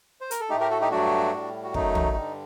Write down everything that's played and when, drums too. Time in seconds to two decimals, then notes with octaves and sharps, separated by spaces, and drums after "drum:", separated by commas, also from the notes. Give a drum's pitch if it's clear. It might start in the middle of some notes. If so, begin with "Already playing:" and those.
0.21 C5
0.31 A#4, drum: hi-hat
0.40 A4
0.50 A2 A3 D#4 G4
0.60 G4 A#4
0.70 F#4 A4
0.81 D#4 G4
0.91 G2 F#3 A3 D4 F#4
1.33 A2 G3
1.63 F#4
1.74 F#2 F#3 A3 D#4, drum: kick
1.95 drum: tom
2.16 G2 D3 G3